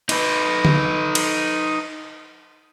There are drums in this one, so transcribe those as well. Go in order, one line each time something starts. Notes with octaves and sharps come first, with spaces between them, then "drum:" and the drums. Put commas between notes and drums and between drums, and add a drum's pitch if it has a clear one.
D#4 B4, drum: cymbal
drum: tom D3
drum: cymbal